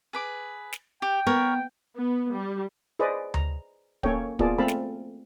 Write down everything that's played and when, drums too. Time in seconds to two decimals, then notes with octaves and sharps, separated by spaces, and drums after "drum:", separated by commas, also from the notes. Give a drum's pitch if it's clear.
0.13 G#4 B4 D6
0.72 drum: snare
1.02 G4 G5
1.27 B3 A#4 C#5
1.97 B3
2.33 G3
2.99 G#4 B4 C5 D5 D#5
3.34 A#5, drum: tom D2
4.03 A#3 C#4 A4 C#5 G5, drum: kick
4.39 A#3 B3 F4 G#4 D5 A5, drum: kick
4.58 A3 C4 A4 F5 A5 B5
4.68 drum: snare